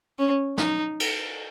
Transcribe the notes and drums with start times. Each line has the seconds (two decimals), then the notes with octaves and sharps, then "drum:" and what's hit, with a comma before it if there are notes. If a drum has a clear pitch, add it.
0.19 C#4
0.58 D#4, drum: snare
1.00 drum: cymbal